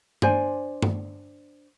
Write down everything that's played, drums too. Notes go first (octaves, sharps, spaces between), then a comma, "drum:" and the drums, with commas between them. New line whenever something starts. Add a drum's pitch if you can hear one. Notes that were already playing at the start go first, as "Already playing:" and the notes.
D4 C5 D5 G#5, drum: tom G2
drum: tom G2